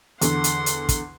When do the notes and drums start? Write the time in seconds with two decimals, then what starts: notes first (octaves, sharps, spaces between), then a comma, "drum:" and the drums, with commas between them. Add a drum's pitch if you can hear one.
0.21 E2 D3 F#5 C6, drum: hi-hat
0.44 drum: hi-hat
0.66 drum: hi-hat
0.89 drum: kick, hi-hat